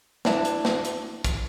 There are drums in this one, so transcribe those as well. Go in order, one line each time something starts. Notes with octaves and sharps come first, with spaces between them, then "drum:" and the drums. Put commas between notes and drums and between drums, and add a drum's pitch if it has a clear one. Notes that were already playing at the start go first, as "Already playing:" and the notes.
D4 E4 A5, drum: snare
drum: hi-hat
drum: snare
drum: hi-hat
drum: kick, hi-hat